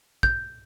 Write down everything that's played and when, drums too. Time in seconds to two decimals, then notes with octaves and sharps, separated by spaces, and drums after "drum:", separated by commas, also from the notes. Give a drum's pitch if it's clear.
0.23 G6, drum: kick